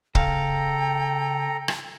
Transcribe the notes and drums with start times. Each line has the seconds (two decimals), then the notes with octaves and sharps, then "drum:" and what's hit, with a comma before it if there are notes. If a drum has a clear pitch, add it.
0.15 C#3 A4 F5 G5 A#5, drum: kick
1.68 drum: rim click